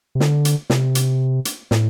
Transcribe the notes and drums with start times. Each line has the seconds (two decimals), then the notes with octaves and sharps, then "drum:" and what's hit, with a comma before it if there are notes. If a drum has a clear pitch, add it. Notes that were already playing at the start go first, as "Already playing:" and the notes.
0.15 C3
0.20 D3, drum: snare
0.45 drum: hi-hat
0.70 C3, drum: snare
0.95 drum: hi-hat
1.45 drum: hi-hat
1.71 A2, drum: snare